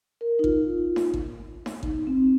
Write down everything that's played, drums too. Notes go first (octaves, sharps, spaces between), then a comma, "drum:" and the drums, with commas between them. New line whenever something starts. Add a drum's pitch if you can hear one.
A#4
D#4
F4, drum: kick G#1
drum: snare D#4
drum: kick G#1
drum: snare D#4
D#4, drum: kick G#1
C4